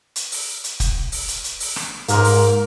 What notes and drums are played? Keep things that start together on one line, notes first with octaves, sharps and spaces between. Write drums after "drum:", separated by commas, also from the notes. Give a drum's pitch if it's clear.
drum: hi-hat
drum: open hi-hat
drum: hi-hat
drum: kick, hi-hat
drum: open hi-hat
drum: hi-hat
drum: hi-hat
drum: open hi-hat
drum: rim click
G#2 A#3 A#4 C5, drum: hi-hat
drum: open hi-hat